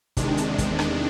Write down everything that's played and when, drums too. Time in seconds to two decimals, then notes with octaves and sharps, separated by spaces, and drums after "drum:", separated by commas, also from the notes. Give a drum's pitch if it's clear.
0.17 E2 C3 D#3 G#3 D4, drum: kick, hi-hat
0.37 drum: hi-hat
0.58 drum: kick, hi-hat
0.79 D4, drum: rim click